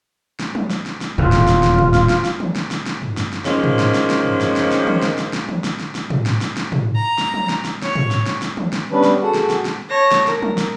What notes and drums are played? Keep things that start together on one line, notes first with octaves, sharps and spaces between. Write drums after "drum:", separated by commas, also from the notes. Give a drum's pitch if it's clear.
drum: snare
drum: tom
drum: snare
drum: snare
drum: snare
D#1 E2 F4, drum: tom
drum: snare
drum: snare
drum: snare
drum: tom
drum: snare
drum: snare
drum: snare
drum: tom
drum: snare
drum: snare
drum: snare
drum: tom
drum: snare
drum: snare
D#3 F3 G#3 A#3 C#4 C5, drum: snare
drum: tom
drum: snare
drum: snare
drum: snare
drum: tom
drum: snare
drum: snare
drum: snare
drum: tom
drum: snare
drum: snare
drum: snare
drum: tom
drum: snare
drum: snare
drum: snare
drum: tom
drum: snare
drum: snare
drum: snare
drum: tom
A#5
drum: snare
drum: tom
drum: snare
drum: snare
C#5, drum: snare
drum: tom
drum: snare
drum: snare
drum: snare
drum: tom
drum: snare
G3 B3 C#4 D4 B4
drum: snare
F#4 G#4 A4 F#5
drum: snare
drum: snare
drum: snare
C#5 A5 A#6
drum: snare
A#4, drum: snare
drum: tom
drum: snare